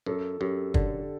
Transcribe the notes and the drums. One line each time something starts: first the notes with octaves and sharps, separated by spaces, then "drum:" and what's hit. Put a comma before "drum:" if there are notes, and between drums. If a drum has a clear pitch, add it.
F#2 A4
F#2 G4
D3, drum: kick